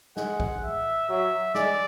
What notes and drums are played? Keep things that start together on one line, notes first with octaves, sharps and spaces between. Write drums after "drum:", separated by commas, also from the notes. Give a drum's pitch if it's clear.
G#3 F#5, drum: snare
drum: kick
E5
F#3 E5
G#3 D5, drum: snare